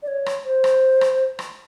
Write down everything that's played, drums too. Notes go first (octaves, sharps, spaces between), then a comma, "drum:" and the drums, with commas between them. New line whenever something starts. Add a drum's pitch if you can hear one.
D5
C#5
drum: rim click
C5
drum: rim click
drum: rim click
drum: rim click